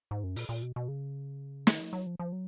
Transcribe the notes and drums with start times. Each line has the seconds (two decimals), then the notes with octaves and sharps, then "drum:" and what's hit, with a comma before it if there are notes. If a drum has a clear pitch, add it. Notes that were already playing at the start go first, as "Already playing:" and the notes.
0.11 G#2
0.24 F#2
0.36 A#2, drum: open hi-hat
0.49 A#2
0.62 B2
0.76 B2
0.88 C#3
1.67 D#3, drum: snare
1.80 F3
1.93 F#3
2.06 F3
2.19 F3
2.32 F#3